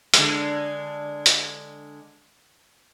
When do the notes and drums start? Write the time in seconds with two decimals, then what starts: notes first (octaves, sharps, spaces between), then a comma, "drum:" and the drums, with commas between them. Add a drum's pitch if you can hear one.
0.14 D3 G#3, drum: hi-hat
1.26 drum: hi-hat